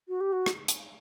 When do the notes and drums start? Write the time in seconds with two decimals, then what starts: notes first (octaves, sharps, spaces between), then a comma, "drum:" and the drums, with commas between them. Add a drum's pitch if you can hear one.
0.08 F#4
0.20 G4
0.32 F#4
0.46 drum: rim click
0.68 drum: hi-hat